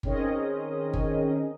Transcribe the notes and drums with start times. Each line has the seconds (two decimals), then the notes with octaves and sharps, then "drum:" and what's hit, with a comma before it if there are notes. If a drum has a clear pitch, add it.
0.03 D#3 C4 C#4 G#4 A#4 D#5, drum: kick G1
0.93 drum: kick G1